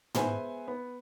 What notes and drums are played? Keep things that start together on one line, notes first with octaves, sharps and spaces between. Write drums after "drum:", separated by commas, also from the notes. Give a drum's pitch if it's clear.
G#3 B3 C5 E5 G#5, drum: tom
B3